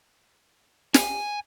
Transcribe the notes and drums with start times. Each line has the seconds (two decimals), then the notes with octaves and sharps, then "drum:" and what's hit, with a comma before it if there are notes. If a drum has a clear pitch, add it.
0.94 G#5, drum: snare